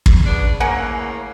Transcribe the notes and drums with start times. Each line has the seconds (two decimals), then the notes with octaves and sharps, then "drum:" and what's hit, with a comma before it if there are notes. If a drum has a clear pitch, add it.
0.06 drum: kick
0.25 C#3 B3 D4
0.60 A2 C#3 A#3 A#4 F#5 G#5